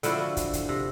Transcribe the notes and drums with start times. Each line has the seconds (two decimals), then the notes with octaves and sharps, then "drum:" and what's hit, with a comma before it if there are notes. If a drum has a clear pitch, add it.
0.03 D3 F3 E4 F#4, drum: hi-hat
0.37 drum: kick, hi-hat
0.53 drum: kick, hi-hat
0.69 C3